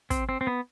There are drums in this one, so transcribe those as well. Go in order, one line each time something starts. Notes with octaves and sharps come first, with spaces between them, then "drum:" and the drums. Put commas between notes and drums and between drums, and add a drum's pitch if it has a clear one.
C4, drum: kick, hi-hat
C4
C4
B3